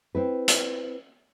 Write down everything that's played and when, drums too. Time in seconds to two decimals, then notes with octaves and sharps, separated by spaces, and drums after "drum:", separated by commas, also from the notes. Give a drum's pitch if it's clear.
0.15 C4 E4 B4
0.48 drum: hi-hat